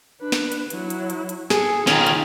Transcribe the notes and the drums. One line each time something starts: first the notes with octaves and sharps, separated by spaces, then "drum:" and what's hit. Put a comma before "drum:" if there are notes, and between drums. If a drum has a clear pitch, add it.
D4 B4
drum: snare
drum: hi-hat
F#3 E4, drum: hi-hat
drum: hi-hat
drum: hi-hat
drum: hi-hat
G#4 A4 G#5, drum: snare
D#3 C#4 F4, drum: snare
drum: hi-hat